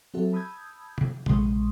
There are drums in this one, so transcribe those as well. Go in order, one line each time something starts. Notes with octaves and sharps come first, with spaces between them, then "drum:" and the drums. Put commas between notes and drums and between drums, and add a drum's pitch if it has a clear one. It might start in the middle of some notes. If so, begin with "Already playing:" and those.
F#3 C4 F#4 A4 E5
A5 B5 D#6 E6 G6 G#6
drum: tom
A#1 G#3 C6 C#6 D#6, drum: tom